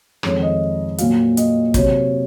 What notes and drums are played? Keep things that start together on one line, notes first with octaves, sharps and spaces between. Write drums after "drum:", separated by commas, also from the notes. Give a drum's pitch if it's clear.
F2 D#3 G#3 C#5, drum: rim click
D#5
A#2 F#3 F5, drum: hi-hat
D#5, drum: hi-hat
C3 F#3 C#5, drum: kick, hi-hat